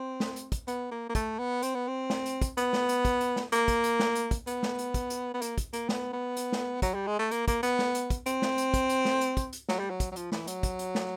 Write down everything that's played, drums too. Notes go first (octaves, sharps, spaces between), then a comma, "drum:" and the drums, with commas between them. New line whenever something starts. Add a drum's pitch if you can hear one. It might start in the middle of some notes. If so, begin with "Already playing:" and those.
Already playing: C4
drum: snare
drum: hi-hat
drum: kick, hi-hat
B3, drum: hi-hat
A#3
A#3
A3, drum: kick, hi-hat
B3
C4, drum: hi-hat
B3
C4
drum: snare
drum: hi-hat
drum: kick, hi-hat
B3, drum: hi-hat
drum: snare
drum: hi-hat
drum: kick, hi-hat
drum: hi-hat
drum: snare
A#3, drum: hi-hat
drum: kick, hi-hat
drum: hi-hat
drum: snare
drum: hi-hat
drum: kick, hi-hat
B3, drum: hi-hat
drum: snare
drum: hi-hat
drum: kick, hi-hat
drum: hi-hat
B3
A#3, drum: hi-hat
drum: kick, hi-hat
A#3, drum: hi-hat
B3, drum: snare
B3
drum: hi-hat
drum: snare
F#3, drum: kick, hi-hat
G3
G#3
A3
A#3, drum: hi-hat
A#3, drum: kick, hi-hat
B3, drum: hi-hat
drum: snare
drum: hi-hat
drum: kick, hi-hat
C4, drum: hi-hat
drum: snare
drum: hi-hat
drum: kick, hi-hat
drum: hi-hat
drum: snare
drum: hi-hat
drum: kick, hi-hat
drum: hi-hat
F#3, drum: snare
G3
F#3
drum: kick, hi-hat
F#3
F3, drum: hi-hat
E3, drum: snare
F#3, drum: hi-hat
drum: kick, hi-hat
drum: hi-hat
drum: snare